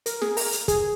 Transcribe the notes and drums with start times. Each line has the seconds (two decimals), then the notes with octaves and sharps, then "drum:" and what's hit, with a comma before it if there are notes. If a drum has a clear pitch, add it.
0.06 A#4, drum: hi-hat
0.22 G#4, drum: snare
0.37 A#4, drum: open hi-hat
0.52 drum: hi-hat
0.68 G#4, drum: kick, hi-hat